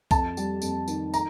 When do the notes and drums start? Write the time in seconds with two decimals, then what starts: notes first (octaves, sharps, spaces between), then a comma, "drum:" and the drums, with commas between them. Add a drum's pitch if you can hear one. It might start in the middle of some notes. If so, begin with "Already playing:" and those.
0.11 F2 A5, drum: kick B1, tambourine
0.37 G3, drum: tambourine
0.62 F2, drum: tambourine
0.88 D#3, drum: tambourine
1.14 A#5, drum: tambourine